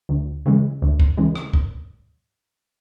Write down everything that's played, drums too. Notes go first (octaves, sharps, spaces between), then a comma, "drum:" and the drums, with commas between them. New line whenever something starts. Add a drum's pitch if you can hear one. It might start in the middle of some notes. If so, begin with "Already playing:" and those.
D2
C#3 E3 G#3
D2
drum: kick
C#3 E3 G#3
drum: rim click
drum: kick